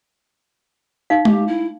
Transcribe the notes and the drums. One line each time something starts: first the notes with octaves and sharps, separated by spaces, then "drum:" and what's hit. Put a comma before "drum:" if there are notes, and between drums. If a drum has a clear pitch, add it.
D#4 F5
G4, drum: tom G#3
E4